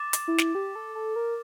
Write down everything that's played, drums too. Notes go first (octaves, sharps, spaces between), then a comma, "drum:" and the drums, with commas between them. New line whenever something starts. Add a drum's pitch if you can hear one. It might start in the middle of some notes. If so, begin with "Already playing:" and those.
Already playing: D6 A6 E7
drum: hi-hat
E4
drum: snare
G4
A4
A4
A#4